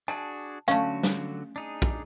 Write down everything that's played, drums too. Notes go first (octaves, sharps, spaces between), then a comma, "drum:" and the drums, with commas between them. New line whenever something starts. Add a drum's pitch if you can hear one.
D4 F#4 G#4 A5
D3 F#3 A3 C#4 F#4 F5
drum: snare
D4 D#4 G#4
drum: kick